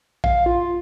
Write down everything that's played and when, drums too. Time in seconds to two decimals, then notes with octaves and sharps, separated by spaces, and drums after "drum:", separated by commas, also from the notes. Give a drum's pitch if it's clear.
0.24 F5, drum: kick A#1
0.46 F4